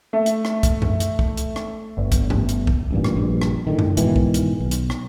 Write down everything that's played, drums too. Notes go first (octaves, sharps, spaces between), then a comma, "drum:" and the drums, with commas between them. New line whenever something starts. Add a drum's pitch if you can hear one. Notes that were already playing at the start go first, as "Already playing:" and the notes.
A3
drum: hi-hat
drum: rim click
drum: kick, hi-hat
drum: tom F#2
drum: hi-hat
drum: kick
drum: hi-hat
drum: rim click
G1
drum: kick, hi-hat
drum: tom G#2
drum: hi-hat
drum: kick
A1 G2 A#2
drum: rim click
A#1 G2
drum: rim click
A2 D3 D#3
drum: tom F#2
G#2 B2 D#3 E3, drum: hi-hat
drum: kick
drum: hi-hat
B1
drum: hi-hat
drum: rim click